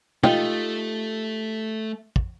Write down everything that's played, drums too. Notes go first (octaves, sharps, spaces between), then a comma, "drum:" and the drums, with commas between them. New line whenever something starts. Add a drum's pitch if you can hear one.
A3 D#4 F4 G4, drum: tom
drum: kick